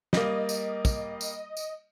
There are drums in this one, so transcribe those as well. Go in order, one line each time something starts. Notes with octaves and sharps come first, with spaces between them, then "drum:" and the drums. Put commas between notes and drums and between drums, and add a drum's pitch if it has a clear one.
G3 A#3 D#5, drum: snare
drum: tambourine
drum: kick, tambourine
drum: tambourine
drum: tambourine